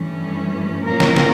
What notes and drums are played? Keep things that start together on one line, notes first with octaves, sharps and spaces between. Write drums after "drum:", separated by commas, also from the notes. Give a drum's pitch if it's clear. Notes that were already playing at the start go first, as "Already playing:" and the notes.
Already playing: G2 E3 A3 C#4
A#2 F3 A#3 C#4 A#4
drum: snare
drum: snare